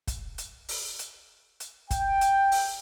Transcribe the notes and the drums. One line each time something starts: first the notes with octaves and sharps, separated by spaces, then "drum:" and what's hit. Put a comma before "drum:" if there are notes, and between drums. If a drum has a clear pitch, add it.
drum: kick, hi-hat
drum: hi-hat
drum: open hi-hat
drum: hi-hat
drum: hi-hat
G5, drum: kick, hi-hat
drum: hi-hat
drum: open hi-hat